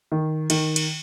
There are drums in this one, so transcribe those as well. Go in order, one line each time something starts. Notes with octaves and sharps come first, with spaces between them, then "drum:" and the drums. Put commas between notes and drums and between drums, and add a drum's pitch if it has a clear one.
D#3
D#3, drum: cymbal
drum: cymbal